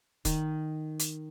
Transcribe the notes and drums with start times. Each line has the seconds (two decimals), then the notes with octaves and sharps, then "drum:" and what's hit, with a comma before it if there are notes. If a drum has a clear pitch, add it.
0.25 D#3, drum: kick, hi-hat
1.00 drum: hi-hat